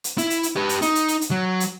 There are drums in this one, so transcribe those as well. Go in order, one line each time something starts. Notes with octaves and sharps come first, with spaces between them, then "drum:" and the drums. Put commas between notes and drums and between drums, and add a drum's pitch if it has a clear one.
drum: hi-hat
E4, drum: hi-hat
drum: hi-hat
drum: hi-hat
G4 B4
drum: hi-hat
D#4, drum: hi-hat
drum: hi-hat
drum: hi-hat
drum: hi-hat
F#3
drum: hi-hat